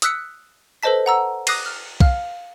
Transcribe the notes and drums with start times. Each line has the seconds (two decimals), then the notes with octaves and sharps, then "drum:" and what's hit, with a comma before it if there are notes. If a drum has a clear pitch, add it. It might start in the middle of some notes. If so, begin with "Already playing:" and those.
0.02 D#6 E6 F#6 B6 C#7, drum: hi-hat
0.83 A4 B4 C5 D#5 A5 B6
1.06 F#5 A#5 E6
1.47 D6 D#6 F#6 A#6 C7 D#7, drum: cymbal
1.66 F6
2.00 F5 F6, drum: kick